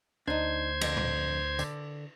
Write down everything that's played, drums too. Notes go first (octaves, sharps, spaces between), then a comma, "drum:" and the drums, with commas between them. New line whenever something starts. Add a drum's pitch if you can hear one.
D2 D4 D#4 C5 G#6
F2 D3, drum: cymbal
drum: tom A2
D3, drum: tambourine